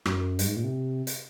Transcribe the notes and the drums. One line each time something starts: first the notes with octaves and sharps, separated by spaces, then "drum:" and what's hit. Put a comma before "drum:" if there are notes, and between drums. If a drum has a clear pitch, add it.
F#2, drum: rim click
G2, drum: hi-hat
G#2
A#2
C3
drum: hi-hat